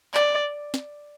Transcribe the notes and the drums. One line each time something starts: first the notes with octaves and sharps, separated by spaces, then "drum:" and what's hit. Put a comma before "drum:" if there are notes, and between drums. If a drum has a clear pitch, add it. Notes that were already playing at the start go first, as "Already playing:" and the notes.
D5, drum: clap
drum: snare